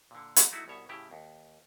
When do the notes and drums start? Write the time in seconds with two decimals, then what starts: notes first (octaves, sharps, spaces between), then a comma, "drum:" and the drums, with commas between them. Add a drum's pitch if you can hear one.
0.11 A#2 D3
0.36 drum: hi-hat
0.51 F#3 A3 D#4 E4 F#4
0.68 C2 B2 C#5 E5
0.89 A2 C#3 E4 G4
1.11 D#2